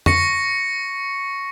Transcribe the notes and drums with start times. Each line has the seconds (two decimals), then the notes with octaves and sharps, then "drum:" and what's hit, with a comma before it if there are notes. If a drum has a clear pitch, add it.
0.06 C#6 A#6 C#7, drum: tom F2